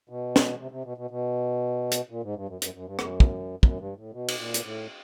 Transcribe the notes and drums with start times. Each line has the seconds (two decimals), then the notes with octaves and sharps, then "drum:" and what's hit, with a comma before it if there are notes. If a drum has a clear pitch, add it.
0.09 B2
0.36 drum: snare
0.60 C3
0.72 C3
0.84 B2
0.97 B2
1.11 B2
1.91 drum: hi-hat
2.10 A#2
2.23 G#2
2.36 G2
2.49 F#2
2.62 F#2, drum: hi-hat
2.74 F#2
2.86 G2
2.99 F#2, drum: rim click
3.20 drum: kick
3.63 F#2, drum: kick
3.79 G2
3.96 A2
4.13 B2
4.28 drum: cymbal
4.38 A#2
4.54 drum: hi-hat
4.64 A2